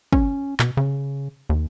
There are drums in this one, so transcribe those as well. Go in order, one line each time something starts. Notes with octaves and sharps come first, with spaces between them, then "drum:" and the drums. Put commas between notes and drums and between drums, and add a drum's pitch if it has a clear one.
C#4, drum: kick
B2, drum: clap
C#3
D#2